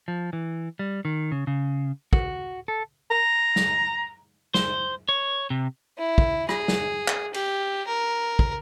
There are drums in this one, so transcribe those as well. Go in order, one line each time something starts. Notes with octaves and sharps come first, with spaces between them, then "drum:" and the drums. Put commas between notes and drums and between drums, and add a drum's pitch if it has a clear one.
F3
E3
G3
D#3
C#3
C#3
F#4, drum: kick
A4
A#5
drum: snare
C5, drum: snare
C#5
C3
E4
drum: kick
G#4, drum: rim click
drum: snare
drum: clap
G4, drum: cymbal
A#4
drum: kick